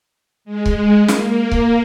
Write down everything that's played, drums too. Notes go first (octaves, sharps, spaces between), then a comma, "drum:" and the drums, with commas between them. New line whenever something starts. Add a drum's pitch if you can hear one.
G#3
drum: kick C#1
A#3, drum: snare
drum: kick C#1